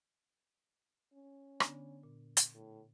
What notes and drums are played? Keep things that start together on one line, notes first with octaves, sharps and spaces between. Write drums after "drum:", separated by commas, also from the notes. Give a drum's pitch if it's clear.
C#4
D3 B3 D4, drum: rim click
A#2
drum: hi-hat
A2